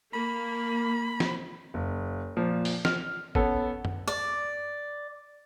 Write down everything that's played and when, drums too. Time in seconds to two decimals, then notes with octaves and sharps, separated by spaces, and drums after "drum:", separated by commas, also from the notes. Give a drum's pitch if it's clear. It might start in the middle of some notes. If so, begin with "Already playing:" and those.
0.14 A#3 B5
1.20 drum: snare
1.74 F#1
2.37 A#2 F3
2.65 drum: open hi-hat
2.85 F6, drum: snare
3.35 B3 C#4 A4, drum: kick G1
3.85 drum: tom F#2
4.08 D5